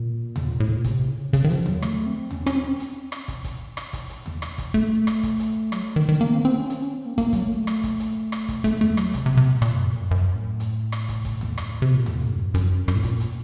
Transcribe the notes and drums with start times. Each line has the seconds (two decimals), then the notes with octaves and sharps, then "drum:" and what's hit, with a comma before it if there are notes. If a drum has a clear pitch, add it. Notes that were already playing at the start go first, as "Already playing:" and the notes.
Already playing: A#2
0.36 C#3, drum: tom D#2
0.48 A#2
0.60 A2
0.73 A#2
0.84 C3, drum: kick, hi-hat
1.09 C#3
1.33 C#3, drum: kick, hi-hat
1.44 D#3
1.50 F3, drum: hi-hat
1.66 F#3, drum: tom D#2
1.82 A3, drum: rim click
2.06 C4
2.31 C#4, drum: tom D#2
2.46 C#4, drum: rim click
2.55 C4
2.79 drum: hi-hat
3.12 drum: rim click
3.28 drum: kick, hi-hat
3.44 drum: kick, hi-hat
3.77 drum: rim click
3.93 drum: kick, hi-hat
4.09 drum: hi-hat
4.26 drum: tom D#2
4.42 drum: rim click
4.58 drum: kick, hi-hat
4.74 A3, drum: kick
5.07 drum: rim click
5.23 drum: kick, hi-hat
5.40 drum: hi-hat
5.72 F#3, drum: rim click
5.84 A3
5.96 D#3
6.09 D#3
6.21 A#3
6.33 C4
6.45 C4
6.58 C#4
6.70 C4, drum: hi-hat
6.82 C#4
6.94 C4
7.06 A#3
7.18 A#3, drum: kick, hi-hat
7.33 F#3, drum: kick, hi-hat
7.43 A3
7.67 drum: rim click
7.83 drum: kick, hi-hat
8.00 drum: hi-hat
8.32 drum: rim click
8.48 drum: kick, hi-hat
8.64 A3, drum: kick, hi-hat
8.81 A3, drum: tom D#2
8.97 F#3, drum: rim click
9.14 C3, drum: kick, hi-hat
9.26 C3
9.37 C3
9.50 A#2
9.62 A#2, drum: rim click
9.75 F#2
9.87 F2
9.99 F#2
10.11 F#2
10.35 A2
10.60 drum: hi-hat
10.92 drum: rim click
11.09 drum: kick, hi-hat
11.25 drum: kick, hi-hat
11.41 drum: tom D#2
11.58 F#2, drum: rim click
11.69 A2
11.82 C3
11.95 A#2
12.06 A2, drum: tom D#2
12.31 F#2
12.54 F#2, drum: kick, hi-hat
12.88 F#2, drum: rim click
12.95 A2
13.03 A#2, drum: kick, hi-hat
13.20 drum: hi-hat